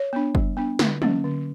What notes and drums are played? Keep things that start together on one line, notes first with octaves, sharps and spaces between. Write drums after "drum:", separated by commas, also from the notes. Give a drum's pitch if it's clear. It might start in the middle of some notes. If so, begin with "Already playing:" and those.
Already playing: C#5
B3 D4
G3, drum: kick
B3 D4
D3, drum: snare
F#3 A#3 C#4, drum: tom
D3